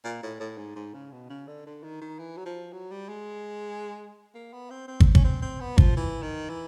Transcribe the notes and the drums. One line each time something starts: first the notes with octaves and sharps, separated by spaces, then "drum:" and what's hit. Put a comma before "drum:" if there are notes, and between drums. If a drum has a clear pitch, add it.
A#2
A2
A2
G#2
G#2
C#3
B2
C#3
D3
D3
D#3
D#3
E3
F#3
F3
F#3
G3
G#3
A#3
B3
C4
C4
drum: kick
C#4, drum: kick
C4
C4
B3
F3, drum: kick
E3
D#3
E3